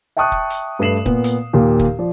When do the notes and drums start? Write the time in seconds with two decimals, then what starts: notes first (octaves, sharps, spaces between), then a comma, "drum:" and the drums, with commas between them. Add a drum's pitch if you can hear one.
0.17 E5 G5 A5 C#6 D#6 F#6
0.32 drum: kick
0.50 drum: hi-hat
0.79 G2 A3 B4 C7 E7 F#7
1.06 A#2 B3, drum: kick
1.24 drum: hi-hat
1.53 D#2 A#2 G4 A#4
1.79 drum: kick
1.99 F3 D5